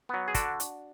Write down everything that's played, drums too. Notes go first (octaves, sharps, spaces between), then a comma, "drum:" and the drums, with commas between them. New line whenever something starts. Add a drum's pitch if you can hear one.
F#3 B3
G#4
D3 D4 F#4, drum: kick, hi-hat
drum: hi-hat